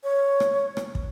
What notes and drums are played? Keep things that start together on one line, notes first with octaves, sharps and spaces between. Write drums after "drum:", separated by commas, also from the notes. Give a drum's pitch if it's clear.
C#5
drum: rim click
drum: rim click
drum: kick